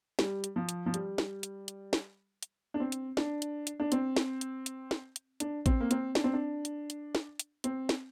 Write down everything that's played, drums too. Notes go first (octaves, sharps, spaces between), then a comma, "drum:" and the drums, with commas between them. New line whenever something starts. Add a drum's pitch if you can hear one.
G3, drum: snare
drum: hi-hat
F3
drum: hi-hat
F3
G3, drum: hi-hat
drum: snare
drum: hi-hat
drum: hi-hat
drum: snare
drum: hi-hat
D4
C4
drum: hi-hat
D4, drum: snare
drum: hi-hat
drum: hi-hat
D4
C4, drum: hi-hat
drum: snare
drum: hi-hat
drum: hi-hat
drum: snare
drum: hi-hat
D4, drum: hi-hat
C4, drum: kick A1, hi-hat
A#3
C4, drum: hi-hat
D4, drum: snare
C4
D4
drum: hi-hat
drum: hi-hat
drum: snare
drum: hi-hat
C4, drum: hi-hat
drum: snare